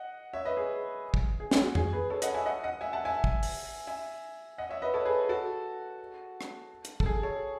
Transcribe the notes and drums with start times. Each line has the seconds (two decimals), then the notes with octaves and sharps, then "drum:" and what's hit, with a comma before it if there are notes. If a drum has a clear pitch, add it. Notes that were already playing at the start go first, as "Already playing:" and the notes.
Already playing: D#5 F#5
0.33 C#5 E5
0.45 B4 D#5
0.57 G#4
1.14 drum: kick
1.40 G#4
1.51 F#4, drum: snare
1.63 F#4
1.75 G#4, drum: tom F2
1.93 G#4 B4
2.10 A4 C#5
2.22 D#5 F#5, drum: hi-hat
2.34 E5 G#5
2.46 D#5 F#5
2.63 D#5 F#5
2.81 E5 G#5
2.93 F#5 A5
3.05 E5 G#5
3.24 drum: kick
3.43 drum: open hi-hat
3.87 E5 G#5
4.58 D#5 F#5
4.69 C#5 E5
4.82 B4 D#5
4.94 A4 C#5
5.05 G#4 B4
5.29 F#4 A4
6.41 drum: rim click
6.85 drum: hi-hat
7.00 A4, drum: kick
7.06 G#4
7.23 A4 C#5